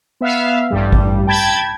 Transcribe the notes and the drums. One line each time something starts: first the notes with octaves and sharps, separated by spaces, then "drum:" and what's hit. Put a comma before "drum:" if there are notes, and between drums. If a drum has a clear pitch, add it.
B3 E5 F5
A1 G2 G3
drum: kick G#1
G5 A5 B5 G#6